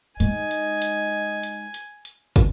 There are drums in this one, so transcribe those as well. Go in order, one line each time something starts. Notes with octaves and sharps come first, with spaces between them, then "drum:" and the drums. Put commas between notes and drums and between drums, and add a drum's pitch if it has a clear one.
G#3 D#4 D#5 G#5, drum: hi-hat
drum: hi-hat
drum: hi-hat
drum: hi-hat
drum: hi-hat
drum: hi-hat
drum: kick, hi-hat